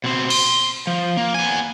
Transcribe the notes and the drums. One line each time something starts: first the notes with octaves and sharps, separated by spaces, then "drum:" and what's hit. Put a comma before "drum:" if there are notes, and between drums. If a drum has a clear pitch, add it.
B2 C4
C6, drum: cymbal
F3
A#3
B3 G#5